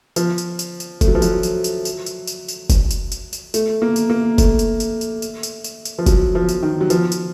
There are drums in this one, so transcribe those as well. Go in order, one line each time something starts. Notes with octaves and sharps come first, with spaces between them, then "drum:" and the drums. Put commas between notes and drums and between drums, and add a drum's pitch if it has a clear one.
F3, drum: tambourine
drum: tambourine
drum: tambourine
drum: tambourine
A3, drum: kick, tambourine
F#3
F3
F#3, drum: tambourine
drum: tambourine
drum: tambourine
drum: tambourine
drum: tambourine
drum: tambourine
drum: tambourine
drum: kick, tambourine
drum: tambourine
drum: tambourine
drum: tambourine
A3, drum: tambourine
A#3
drum: tambourine
A#3
A3, drum: kick, tambourine
drum: tambourine
drum: tambourine
drum: tambourine
drum: tambourine
drum: tambourine
drum: tambourine
drum: tambourine
F3
F#3, drum: kick, tambourine
F3
drum: tambourine
D#3
F#3
F3, drum: tambourine
drum: tambourine